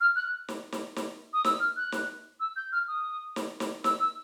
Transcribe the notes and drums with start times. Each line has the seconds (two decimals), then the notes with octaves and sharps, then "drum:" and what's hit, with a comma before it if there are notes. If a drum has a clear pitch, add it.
0.01 F6
0.16 F#6
0.48 drum: snare
0.72 drum: snare
0.96 drum: snare
1.33 D#6
1.44 E6, drum: snare
1.60 F6
1.77 F#6
1.92 drum: snare
2.40 E6
2.56 G6
2.72 F6
2.88 D#6
3.36 drum: snare
3.60 drum: snare
3.84 E6, drum: snare
4.00 E6